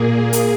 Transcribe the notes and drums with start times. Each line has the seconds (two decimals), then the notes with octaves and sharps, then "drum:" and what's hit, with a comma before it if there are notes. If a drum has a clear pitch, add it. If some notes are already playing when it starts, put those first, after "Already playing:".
Already playing: A#2 A#3 G#4
0.33 drum: hi-hat